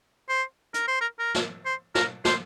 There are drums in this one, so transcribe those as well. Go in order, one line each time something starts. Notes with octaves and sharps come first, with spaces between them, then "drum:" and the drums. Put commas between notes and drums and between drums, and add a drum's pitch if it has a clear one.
C5
A#4, drum: hi-hat
C5
A#4
A#4
drum: snare
C5
A#4, drum: snare
C5, drum: snare